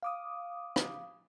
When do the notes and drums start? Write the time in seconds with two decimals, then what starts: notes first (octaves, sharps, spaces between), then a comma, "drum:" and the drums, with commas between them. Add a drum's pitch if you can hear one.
0.03 F5 D6 D#6
0.76 drum: rim click